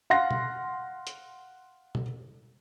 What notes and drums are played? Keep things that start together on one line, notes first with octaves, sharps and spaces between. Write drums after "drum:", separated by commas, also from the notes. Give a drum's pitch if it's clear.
F5 F#5 C6 A#6
drum: tom B2
drum: hi-hat
drum: tom B2